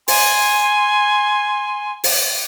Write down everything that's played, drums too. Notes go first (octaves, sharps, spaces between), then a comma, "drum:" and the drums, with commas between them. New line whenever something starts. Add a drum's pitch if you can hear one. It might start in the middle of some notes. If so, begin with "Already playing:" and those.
G#5 C6, drum: open hi-hat
drum: open hi-hat